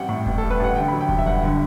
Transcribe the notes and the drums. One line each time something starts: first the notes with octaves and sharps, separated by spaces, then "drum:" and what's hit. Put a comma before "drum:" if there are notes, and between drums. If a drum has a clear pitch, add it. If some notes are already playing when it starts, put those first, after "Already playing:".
Already playing: A1 G3 C4 F#5 G5
A2
A1, drum: kick E1
A4
G3
B4
A1 F#5
D3 G5
B5
F#3
G5
G2, drum: kick E1
E5
G1 F#5
D3